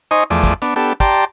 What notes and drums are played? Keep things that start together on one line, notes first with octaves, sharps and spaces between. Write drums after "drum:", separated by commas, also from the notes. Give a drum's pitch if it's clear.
D#4 C5 D#5 G#5 C#6
E2 F3 A3 G#4 D5
drum: kick, hi-hat
B3 D4, drum: hi-hat
B3 D4 G4 A4
G4 D5 G5 A5 A#5 C6, drum: kick, hi-hat